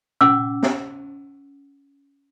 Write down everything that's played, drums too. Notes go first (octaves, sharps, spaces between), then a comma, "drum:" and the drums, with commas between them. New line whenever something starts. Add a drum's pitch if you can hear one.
C#4 F#5 D6 E6, drum: tom A#2
drum: snare